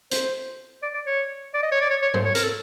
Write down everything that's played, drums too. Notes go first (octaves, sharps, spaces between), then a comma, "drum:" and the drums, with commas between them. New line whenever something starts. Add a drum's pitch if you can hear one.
C5, drum: hi-hat
D5
D5
C#5
D5
D#5
C#5
D5
C#5
C#5
C5, drum: tom G#2
C#5
A#4, drum: hi-hat
A4